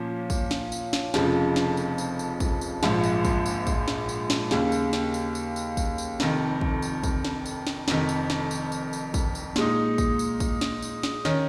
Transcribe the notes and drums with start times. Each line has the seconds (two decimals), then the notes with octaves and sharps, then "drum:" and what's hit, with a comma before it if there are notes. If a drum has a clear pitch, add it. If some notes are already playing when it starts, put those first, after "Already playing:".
Already playing: A#2 F3 A#3 C#4
0.30 drum: kick, tambourine
0.51 drum: snare
0.72 drum: tambourine
0.93 drum: snare
1.14 F1 F2 C#3 F3, drum: snare
1.56 drum: snare
1.77 drum: tambourine
1.98 drum: tambourine
2.19 drum: tambourine
2.40 drum: kick, tambourine
2.61 drum: tambourine
2.83 A#1 G#2 F3, drum: snare
3.03 drum: tambourine
3.25 drum: kick, tambourine
3.46 drum: tambourine
3.67 drum: kick, tambourine
3.88 drum: snare
4.09 drum: tambourine
4.30 drum: snare
4.51 D#2 C#3 A#3, drum: snare
4.72 drum: tambourine
4.93 drum: snare
5.14 drum: tambourine
5.35 drum: tambourine
5.56 drum: tambourine
5.77 drum: kick, tambourine
5.98 drum: tambourine
6.20 F1 F2 D#3, drum: snare
6.61 drum: kick
6.82 drum: tambourine
7.03 drum: kick, tambourine
7.25 drum: snare
7.46 drum: tambourine
7.67 drum: snare
7.88 F1 F2 D#3, drum: snare
8.09 drum: tambourine
8.30 drum: snare
8.51 drum: tambourine
8.72 drum: tambourine
8.93 drum: tambourine
9.14 drum: kick, tambourine
9.35 drum: tambourine
9.56 A#2 G#3 D#4, drum: snare
9.98 drum: kick, tambourine
10.19 drum: tambourine
10.40 drum: kick, tambourine
10.61 drum: snare
10.82 drum: tambourine
11.03 drum: snare
11.25 D#3 C#4, drum: snare